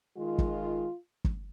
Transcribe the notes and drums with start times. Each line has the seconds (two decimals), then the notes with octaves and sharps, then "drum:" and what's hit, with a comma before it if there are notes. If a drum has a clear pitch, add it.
0.17 D#3 G#3 F4
0.38 drum: kick
1.24 drum: kick